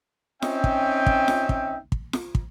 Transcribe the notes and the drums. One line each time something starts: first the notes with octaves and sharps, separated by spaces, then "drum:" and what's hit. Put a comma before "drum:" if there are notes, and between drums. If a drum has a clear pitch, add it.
C4 C#4 D#4 E5 G5, drum: snare
drum: kick
drum: kick
drum: snare
drum: kick
drum: kick
drum: snare
drum: kick